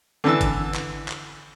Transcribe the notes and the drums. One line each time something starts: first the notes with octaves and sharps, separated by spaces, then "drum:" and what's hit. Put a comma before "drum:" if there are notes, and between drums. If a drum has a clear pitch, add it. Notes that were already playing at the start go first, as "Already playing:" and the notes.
D3 E3 E6
drum: kick G1, hi-hat
drum: clap
drum: clap